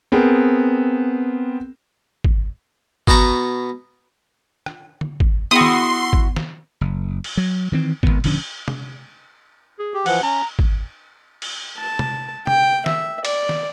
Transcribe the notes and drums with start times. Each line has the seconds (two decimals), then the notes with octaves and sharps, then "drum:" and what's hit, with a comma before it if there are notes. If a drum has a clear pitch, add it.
0.12 B3 C4 G#4 A#4
2.24 drum: kick G#1
3.07 B2 B3 A5 A#5 C#6, drum: kick G#1
4.66 drum: rim click
5.01 drum: tom D3
5.20 drum: kick G#1
5.51 B3 E4 F#4 G#4 G5 C6 D#6
5.61 drum: snare D#3
6.13 drum: kick G#1
6.36 drum: snare D#3
6.81 F#1
7.24 drum: cymbal
7.37 F#3
7.72 D#3 E3 C4
8.03 G#1 F2 D#3 B3, drum: kick G#1
8.24 D#1 D3 F3 C#4, drum: cymbal
8.68 drum: tom C3
9.79 G#4
9.94 G4
10.06 E3 F3 F#5, drum: cymbal
10.23 C#4 A#5
10.59 drum: kick G#1
11.42 drum: cymbal
11.79 A5
11.99 drum: tom C3
12.47 G5, drum: tom C3
12.86 E5, drum: snare D#3
13.25 D5, drum: cymbal
13.49 drum: snare D#3